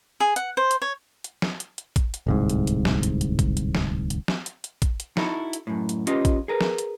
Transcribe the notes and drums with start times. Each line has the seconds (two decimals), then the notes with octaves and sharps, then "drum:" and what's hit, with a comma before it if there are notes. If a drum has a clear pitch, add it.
0.20 G#4
0.36 F#5, drum: hi-hat
0.57 C5
0.71 drum: hi-hat
0.82 C#5
1.24 drum: hi-hat
1.42 drum: snare
1.60 drum: hi-hat
1.78 drum: hi-hat
1.96 drum: kick, hi-hat
2.14 drum: hi-hat
2.27 D1 C2 G#2
2.50 drum: hi-hat
2.67 drum: hi-hat
2.85 drum: snare
3.03 drum: hi-hat
3.21 drum: hi-hat
3.39 drum: kick, hi-hat
3.57 drum: hi-hat
3.75 drum: snare
4.10 drum: hi-hat
4.28 drum: snare
4.46 drum: hi-hat
4.64 drum: hi-hat
4.82 drum: kick, hi-hat
5.00 drum: hi-hat
5.17 D#4 E4 F#4 G4 A4, drum: snare
5.53 drum: hi-hat
5.67 F#2 A2
5.89 drum: hi-hat
6.07 C#4 F4 G4 B4 D#5, drum: hi-hat
6.25 drum: kick, hi-hat
6.48 G#4 A#4 B4
6.61 drum: snare
6.78 drum: hi-hat